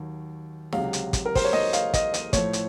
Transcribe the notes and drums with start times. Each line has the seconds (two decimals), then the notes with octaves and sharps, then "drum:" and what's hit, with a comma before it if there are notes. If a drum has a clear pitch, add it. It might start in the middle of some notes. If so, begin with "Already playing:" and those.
Already playing: D#2 D#3 F#3
0.73 C#2 C3 F#3 F5, drum: snare
0.93 drum: hi-hat
1.13 drum: kick, hi-hat
1.26 A#4
1.35 C5, drum: kick, open hi-hat
1.44 C#5
1.53 D#5, drum: snare
1.73 F5, drum: hi-hat
1.94 D#5, drum: kick, hi-hat
2.14 D#5, drum: hi-hat
2.33 A2 F3 C#5, drum: kick, hi-hat
2.53 drum: hi-hat